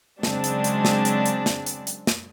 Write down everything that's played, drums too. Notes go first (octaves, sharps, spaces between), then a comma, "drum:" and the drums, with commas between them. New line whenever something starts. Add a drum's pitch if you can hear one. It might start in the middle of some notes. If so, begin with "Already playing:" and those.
C#3 F#3 G#3 C4 D4, drum: snare
drum: hi-hat
drum: hi-hat
drum: snare
drum: hi-hat
drum: hi-hat
drum: snare
drum: hi-hat
drum: hi-hat
drum: snare